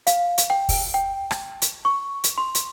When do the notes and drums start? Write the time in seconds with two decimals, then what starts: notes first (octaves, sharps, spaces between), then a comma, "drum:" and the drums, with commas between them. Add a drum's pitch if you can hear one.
0.07 F5, drum: hi-hat
0.38 drum: hi-hat
0.50 G5
0.69 drum: kick, open hi-hat
0.94 G5
1.31 drum: rim click
1.62 drum: hi-hat
1.85 C#6
2.24 drum: hi-hat
2.38 C6
2.55 drum: hi-hat